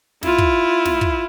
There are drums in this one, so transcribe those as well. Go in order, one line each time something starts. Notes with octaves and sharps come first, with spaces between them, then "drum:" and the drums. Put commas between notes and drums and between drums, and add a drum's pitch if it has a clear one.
E4 F4, drum: snare
drum: kick
drum: snare
drum: kick